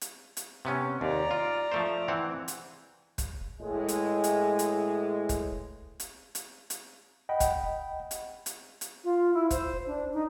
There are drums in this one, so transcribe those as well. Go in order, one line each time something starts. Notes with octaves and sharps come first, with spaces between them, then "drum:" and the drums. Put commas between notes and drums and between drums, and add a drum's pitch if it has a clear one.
drum: hi-hat
drum: hi-hat
C3 B3 C#4
D#2 D5 A#5
F4
F3 A3 C5
E3 C4 F#5
drum: hi-hat
drum: kick, hi-hat
A2 E3 G#3
drum: hi-hat
drum: hi-hat
drum: hi-hat
drum: kick, hi-hat
drum: hi-hat
drum: hi-hat
drum: hi-hat
D#5 F#5 G5 B5
drum: kick, hi-hat
drum: hi-hat
drum: hi-hat
drum: hi-hat
F4
E4
C5, drum: kick, hi-hat
D4
D#4